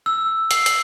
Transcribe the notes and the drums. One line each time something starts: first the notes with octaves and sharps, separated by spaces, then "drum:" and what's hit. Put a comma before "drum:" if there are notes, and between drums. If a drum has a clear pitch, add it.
E6
C7, drum: hi-hat
drum: hi-hat